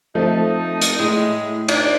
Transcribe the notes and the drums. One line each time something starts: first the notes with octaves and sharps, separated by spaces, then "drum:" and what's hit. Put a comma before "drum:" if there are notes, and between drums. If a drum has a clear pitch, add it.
F3 A3 C4 D#4
drum: hi-hat
A2 G#3
D4 D#4, drum: cymbal